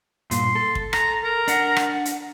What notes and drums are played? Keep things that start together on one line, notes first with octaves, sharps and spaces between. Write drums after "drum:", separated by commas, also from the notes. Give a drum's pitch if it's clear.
G2 A#2 C6, drum: hi-hat
A4
drum: kick
A#5, drum: rim click
A#4
D4 F#5, drum: hi-hat
drum: rim click
drum: hi-hat